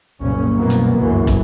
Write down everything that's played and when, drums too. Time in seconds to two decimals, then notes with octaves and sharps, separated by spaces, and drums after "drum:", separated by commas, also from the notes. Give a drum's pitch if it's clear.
0.21 F#1 C2 A#2 C#4
0.56 C2 F#2 B2 E3 A#3 B3
0.70 drum: hi-hat
0.98 G1 C#2 F#2 E3
1.27 drum: kick, hi-hat